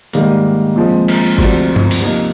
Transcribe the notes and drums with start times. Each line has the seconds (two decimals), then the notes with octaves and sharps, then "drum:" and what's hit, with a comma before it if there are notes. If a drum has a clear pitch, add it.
0.13 G#2 D#3 G3 A#3, drum: hi-hat
0.76 A#2 F3 G#3 C4
1.08 drum: cymbal
1.38 D2 C3 F3 C4, drum: kick
1.76 drum: tom G2
1.91 drum: open hi-hat
2.01 C3 F3 A#3 D#4